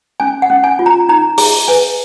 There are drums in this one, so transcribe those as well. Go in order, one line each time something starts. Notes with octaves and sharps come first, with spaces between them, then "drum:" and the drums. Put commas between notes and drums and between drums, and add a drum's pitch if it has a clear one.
C#4 G#5
F#5
C#4
G#5
F4
A#5
D#4 A#5
G#4 A#5, drum: open hi-hat
B4 G#5